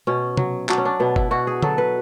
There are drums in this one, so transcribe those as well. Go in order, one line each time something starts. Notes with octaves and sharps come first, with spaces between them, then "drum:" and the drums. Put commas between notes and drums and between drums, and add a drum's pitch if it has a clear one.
B2 C#4
F#3, drum: tom
F#3 D4, drum: clap
C#4
D4
B2 B3
E4, drum: kick F#1
B2 F#4
G#4
F#3 A4, drum: tom
B4